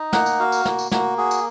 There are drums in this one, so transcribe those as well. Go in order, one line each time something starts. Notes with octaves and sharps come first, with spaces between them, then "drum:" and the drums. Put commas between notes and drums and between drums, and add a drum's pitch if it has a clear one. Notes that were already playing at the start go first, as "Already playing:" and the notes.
Already playing: D#4
A#3 F#5, drum: snare
drum: tambourine
F#4 F5
drum: tambourine
A#3, drum: snare
drum: tambourine
A#3 F#4, drum: snare
F#4 G#4
drum: tambourine